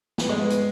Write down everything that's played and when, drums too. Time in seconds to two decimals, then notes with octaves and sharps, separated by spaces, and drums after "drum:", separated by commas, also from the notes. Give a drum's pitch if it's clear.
0.18 B3, drum: snare
0.29 G#3
0.39 B3
0.50 B3, drum: hi-hat